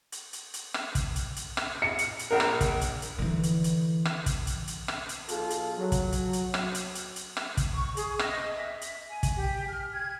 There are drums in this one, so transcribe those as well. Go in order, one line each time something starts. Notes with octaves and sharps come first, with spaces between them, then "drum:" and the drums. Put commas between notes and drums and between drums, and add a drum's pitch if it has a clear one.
drum: hi-hat
drum: hi-hat
drum: hi-hat
drum: rim click
drum: kick, hi-hat
drum: hi-hat
drum: hi-hat
drum: rim click
C#7
drum: hi-hat
drum: hi-hat
A#1 A#4
drum: rim click
drum: kick, hi-hat
drum: hi-hat
drum: hi-hat
D3 E3
drum: hi-hat
drum: hi-hat
drum: rim click
drum: kick, hi-hat
drum: hi-hat
drum: hi-hat
drum: rim click
drum: hi-hat
B1 F4 G#4 A4, drum: hi-hat
drum: hi-hat
F#3
drum: kick, hi-hat
drum: hi-hat
drum: hi-hat
drum: rim click
drum: hi-hat
drum: hi-hat
drum: hi-hat
drum: rim click
drum: kick, hi-hat
C#6
G#4, drum: hi-hat
D#5, drum: rim click
E5
drum: hi-hat
G#5
drum: kick, hi-hat
G4
F6
G#6